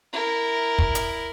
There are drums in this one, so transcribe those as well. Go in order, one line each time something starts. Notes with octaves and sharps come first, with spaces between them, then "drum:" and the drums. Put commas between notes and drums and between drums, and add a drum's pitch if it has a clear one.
E4 A#4
drum: kick
drum: hi-hat